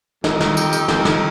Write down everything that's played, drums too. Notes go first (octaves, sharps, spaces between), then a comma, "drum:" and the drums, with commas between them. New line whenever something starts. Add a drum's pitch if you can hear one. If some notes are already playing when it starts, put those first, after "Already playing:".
F2 D#3, drum: snare
drum: snare
G4, drum: tambourine
drum: tambourine
F2 D#3, drum: snare
drum: snare